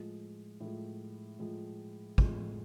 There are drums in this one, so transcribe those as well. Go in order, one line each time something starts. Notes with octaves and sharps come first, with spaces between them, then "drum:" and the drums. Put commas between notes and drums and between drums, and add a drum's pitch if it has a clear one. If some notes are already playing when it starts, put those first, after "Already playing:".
Already playing: A2 F3 G#3
A2 F3 G#3
A2 F3 G#3
A2 F3 G#3, drum: kick